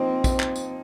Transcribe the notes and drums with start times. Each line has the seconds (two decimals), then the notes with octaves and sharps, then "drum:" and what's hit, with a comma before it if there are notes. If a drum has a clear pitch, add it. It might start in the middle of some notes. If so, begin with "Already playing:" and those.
Already playing: F3 A#3 C4 D#4
0.24 drum: kick, tambourine
0.40 drum: clap
0.56 drum: tambourine